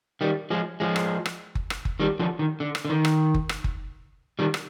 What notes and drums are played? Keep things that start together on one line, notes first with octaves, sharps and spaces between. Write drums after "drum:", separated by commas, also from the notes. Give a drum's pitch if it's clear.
D#3 G3
F3 G#3
F3 G#3
drum: rim click
drum: rim click
drum: kick F#1
drum: rim click
drum: kick F#1
D#3 G3
D3 F3
D#3
D3
drum: rim click
D3
D#3
drum: rim click
drum: kick F#1
drum: rim click
drum: kick F#1
D#3 G3
drum: rim click